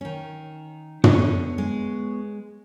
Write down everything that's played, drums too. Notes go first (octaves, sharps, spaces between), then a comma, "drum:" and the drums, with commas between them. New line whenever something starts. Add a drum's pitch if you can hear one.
D#3 C#4
D3 B3 C#4 D4 C#5, drum: tom
G#3